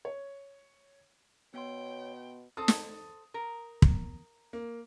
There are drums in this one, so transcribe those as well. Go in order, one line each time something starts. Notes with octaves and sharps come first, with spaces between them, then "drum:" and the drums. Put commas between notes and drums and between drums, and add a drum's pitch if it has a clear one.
C#5
B2 B3 C#5 G5 C6
C4 A4 D#6
drum: snare
A#4
drum: kick
A#3